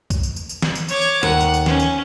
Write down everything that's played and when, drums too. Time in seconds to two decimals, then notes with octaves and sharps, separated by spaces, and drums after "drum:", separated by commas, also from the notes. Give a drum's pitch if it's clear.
0.10 drum: kick B1, tambourine
0.23 drum: tambourine
0.36 drum: tambourine
0.49 drum: tambourine
0.62 drum: snare
0.75 drum: tambourine
0.89 C#5 D6, drum: tambourine
1.02 drum: tambourine
1.23 D#2 F#5
1.41 drum: tambourine
1.54 drum: tambourine
1.66 C#4, drum: snare
1.80 drum: tambourine